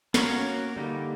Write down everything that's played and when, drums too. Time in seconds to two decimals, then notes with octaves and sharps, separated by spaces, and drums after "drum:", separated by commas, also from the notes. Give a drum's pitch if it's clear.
0.14 A#3 C#4 F#4 A#4 C#5, drum: snare
0.76 D3 G3 A#3 D#4